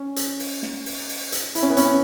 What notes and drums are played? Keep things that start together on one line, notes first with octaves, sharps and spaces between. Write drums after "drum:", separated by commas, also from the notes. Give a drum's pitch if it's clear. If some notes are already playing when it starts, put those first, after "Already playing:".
Already playing: C#4
drum: hi-hat
drum: open hi-hat
drum: snare
drum: open hi-hat
drum: open hi-hat
drum: hi-hat
E4, drum: hi-hat
C#4
B3
C#4, drum: hi-hat